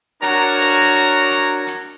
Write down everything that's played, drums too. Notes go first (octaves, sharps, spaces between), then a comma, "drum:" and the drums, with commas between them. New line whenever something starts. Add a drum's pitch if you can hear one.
D4 F#4 A#4 C#5 A#5, drum: hi-hat
drum: open hi-hat
drum: hi-hat
drum: hi-hat
drum: hi-hat